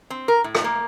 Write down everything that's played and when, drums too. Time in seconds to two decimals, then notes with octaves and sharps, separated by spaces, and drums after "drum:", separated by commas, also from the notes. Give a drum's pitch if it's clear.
0.10 C4
0.28 A#4
0.44 A2
0.55 drum: rim click
0.64 A#3